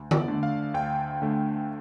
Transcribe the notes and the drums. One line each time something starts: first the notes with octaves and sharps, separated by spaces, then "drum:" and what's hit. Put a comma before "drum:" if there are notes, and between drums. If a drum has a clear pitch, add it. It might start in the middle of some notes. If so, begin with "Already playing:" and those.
Already playing: D2
D5, drum: tom D3
D3 A3
F5
D2 G5
D3 A3